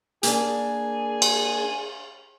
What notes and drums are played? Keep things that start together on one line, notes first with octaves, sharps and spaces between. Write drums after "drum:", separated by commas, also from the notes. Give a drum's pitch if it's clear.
A#3 D4 G#4, drum: hi-hat
drum: cymbal